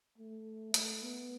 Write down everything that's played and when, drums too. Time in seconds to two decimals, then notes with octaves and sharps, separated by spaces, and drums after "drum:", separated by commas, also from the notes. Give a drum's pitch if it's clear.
0.18 A3
0.74 A3, drum: hi-hat
1.03 B3